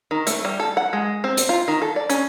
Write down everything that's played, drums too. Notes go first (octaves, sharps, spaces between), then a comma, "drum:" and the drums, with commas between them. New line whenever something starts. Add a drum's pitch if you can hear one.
D#3
A3, drum: hi-hat
G3
A4
F#5
G#3
C4
drum: hi-hat
F4
D#3
A4
D5
C#4, drum: hi-hat